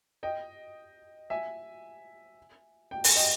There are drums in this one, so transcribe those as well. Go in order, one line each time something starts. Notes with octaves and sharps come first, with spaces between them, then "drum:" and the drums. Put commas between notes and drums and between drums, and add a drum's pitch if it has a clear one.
D#5 G5
E5 G#5
G5
G#5, drum: open hi-hat
D#5 G5